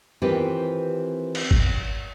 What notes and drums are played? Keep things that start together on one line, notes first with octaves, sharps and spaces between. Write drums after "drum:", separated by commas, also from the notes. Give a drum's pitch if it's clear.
D#3 E3 C4 F4 G4 B4
drum: cymbal
drum: kick G1